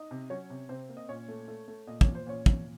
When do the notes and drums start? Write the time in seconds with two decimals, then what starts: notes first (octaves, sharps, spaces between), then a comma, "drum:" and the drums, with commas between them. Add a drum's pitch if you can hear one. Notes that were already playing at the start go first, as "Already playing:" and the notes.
Already playing: D#4 D#5
0.11 C3
0.30 F#3 C#4 C#5
0.50 C3
0.69 C3 C4 C5
0.89 A#3
0.97 D#5
1.09 A#2 C#4 C#5
1.28 A3
1.48 A3
1.68 A3
1.87 A#2 D#5
2.01 C#5, drum: kick
2.07 A#2
2.15 C5
2.26 A#2 C#4 C#5
2.46 A#2, drum: kick